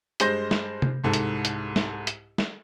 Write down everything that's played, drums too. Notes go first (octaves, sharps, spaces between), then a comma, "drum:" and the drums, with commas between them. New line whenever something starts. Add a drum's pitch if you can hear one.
G2 G#3 C5 G6 A#6, drum: hi-hat
drum: snare
drum: tom C3
C2 G#2 A4
drum: hi-hat
drum: hi-hat
drum: snare
drum: hi-hat
drum: snare